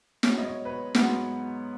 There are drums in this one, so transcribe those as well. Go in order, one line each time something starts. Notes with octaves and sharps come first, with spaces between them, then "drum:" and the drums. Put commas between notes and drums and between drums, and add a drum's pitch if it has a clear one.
G#2 F#3 B3 C#5, drum: snare
D#5
C#5
B4
C#5
G#2 F#3 B3 F#5, drum: snare